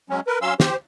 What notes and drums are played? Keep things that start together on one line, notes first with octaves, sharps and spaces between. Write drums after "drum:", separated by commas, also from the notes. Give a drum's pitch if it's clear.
F#3 G#3 C#4
A#4 B4
F#3 C#4 F5 C6 E6
G4 C5, drum: snare